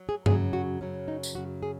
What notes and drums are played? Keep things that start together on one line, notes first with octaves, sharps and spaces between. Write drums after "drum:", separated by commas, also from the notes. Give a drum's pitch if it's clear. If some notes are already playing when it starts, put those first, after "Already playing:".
Already playing: F#3
G#4
F#2 C#3 F#3 G#4, drum: tom G2
F#4
F#2 C#3 F#3 C#4
D#4
drum: tambourine
F#2 C#3 F#3 F#4
G#4